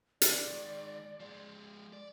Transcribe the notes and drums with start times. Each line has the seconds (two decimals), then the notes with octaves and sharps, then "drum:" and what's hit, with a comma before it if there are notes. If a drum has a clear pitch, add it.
0.22 D5, drum: hi-hat
0.48 D#3 G#3
1.20 F3 G#3
1.93 D5